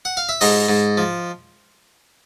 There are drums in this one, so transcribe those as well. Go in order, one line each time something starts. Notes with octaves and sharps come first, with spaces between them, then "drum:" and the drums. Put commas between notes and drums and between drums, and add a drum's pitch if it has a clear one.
F#5
F5
E5
G#2 D#5, drum: open hi-hat
G#2
F3